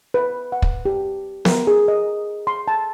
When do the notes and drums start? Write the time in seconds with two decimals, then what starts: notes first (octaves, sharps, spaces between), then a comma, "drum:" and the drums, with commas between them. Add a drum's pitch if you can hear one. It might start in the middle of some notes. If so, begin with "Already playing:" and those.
0.14 B4
0.52 F#5
0.62 drum: kick
0.86 G4
1.45 A#4, drum: snare
1.67 G#4
1.88 D#5
2.47 C6
2.68 A5